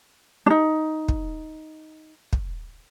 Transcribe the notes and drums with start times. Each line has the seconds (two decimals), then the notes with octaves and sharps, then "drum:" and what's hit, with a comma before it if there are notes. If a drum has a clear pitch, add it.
0.46 D4 D#4
1.08 drum: kick
2.33 drum: kick